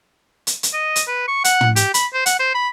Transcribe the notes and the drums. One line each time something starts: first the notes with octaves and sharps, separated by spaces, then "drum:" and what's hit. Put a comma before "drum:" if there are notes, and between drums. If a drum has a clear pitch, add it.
drum: hi-hat
drum: hi-hat
D#5
drum: hi-hat
B4
C#6
F#5, drum: hi-hat
drum: tom
G4, drum: hi-hat
B5, drum: hi-hat
C5
F#5, drum: hi-hat
C5
B5